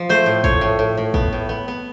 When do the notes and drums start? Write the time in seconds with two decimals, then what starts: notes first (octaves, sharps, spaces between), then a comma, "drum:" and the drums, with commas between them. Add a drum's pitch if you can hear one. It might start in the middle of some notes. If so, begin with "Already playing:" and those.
Already playing: F3
0.09 A3 C5
0.26 A2
0.44 A2 C#5, drum: kick
0.61 A2
0.79 A2
0.97 A2
1.14 B3, drum: kick
1.33 A2
1.49 B3
1.68 B3